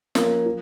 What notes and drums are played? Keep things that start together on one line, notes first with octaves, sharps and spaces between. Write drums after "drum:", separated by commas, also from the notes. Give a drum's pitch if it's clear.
F3 A#3 C#4, drum: snare
F3